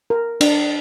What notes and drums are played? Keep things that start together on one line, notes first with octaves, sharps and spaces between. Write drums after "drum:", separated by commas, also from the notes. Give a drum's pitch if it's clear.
A#4
D4, drum: cymbal